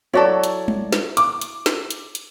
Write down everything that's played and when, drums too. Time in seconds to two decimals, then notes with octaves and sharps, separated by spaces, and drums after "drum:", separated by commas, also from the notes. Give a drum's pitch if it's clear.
0.13 F#3 E4 F#4 A4 C#5 D5
0.44 drum: hi-hat
0.68 drum: tom G3
0.92 drum: snare
1.17 D6, drum: hi-hat
1.41 drum: hi-hat
1.66 drum: snare
1.90 drum: hi-hat
2.15 drum: hi-hat